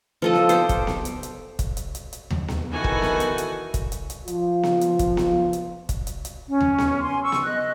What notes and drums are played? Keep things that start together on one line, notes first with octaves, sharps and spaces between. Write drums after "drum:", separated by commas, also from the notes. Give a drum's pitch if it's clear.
F3 A4 D#5
drum: snare B3
G4 C5, drum: hi-hat
drum: kick, hi-hat
drum: snare B3
drum: hi-hat
drum: hi-hat
drum: kick, hi-hat
drum: hi-hat
drum: hi-hat
drum: hi-hat
drum: tom D#2
drum: snare B3
D#3 E3 F#4 A4 G#5
drum: kick
drum: snare B3
drum: hi-hat
drum: hi-hat
drum: kick, hi-hat
drum: hi-hat
drum: hi-hat
F3 F4, drum: hi-hat
drum: snare B3
drum: hi-hat
drum: kick, hi-hat
drum: snare B3
drum: hi-hat
drum: kick, hi-hat
drum: hi-hat
drum: hi-hat
C#4
drum: tom D#2
drum: snare B3
G#5 C6
C#6 E6
drum: snare B3
D#5 F#6